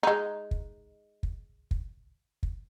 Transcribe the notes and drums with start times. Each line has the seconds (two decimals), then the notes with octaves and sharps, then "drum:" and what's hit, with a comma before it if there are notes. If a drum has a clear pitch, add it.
0.03 G#3 D#4
0.51 drum: kick
1.23 drum: kick
1.71 drum: kick
2.43 drum: kick